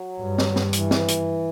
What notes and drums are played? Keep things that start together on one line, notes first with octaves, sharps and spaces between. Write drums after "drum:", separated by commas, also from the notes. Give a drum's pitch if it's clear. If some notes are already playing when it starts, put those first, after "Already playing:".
Already playing: F#3
G2
drum: snare
drum: snare
E3, drum: hi-hat
drum: snare
drum: hi-hat